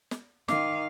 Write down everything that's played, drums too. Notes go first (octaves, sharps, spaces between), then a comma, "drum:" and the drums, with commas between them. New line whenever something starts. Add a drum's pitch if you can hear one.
drum: snare
D#3 F5 D6, drum: snare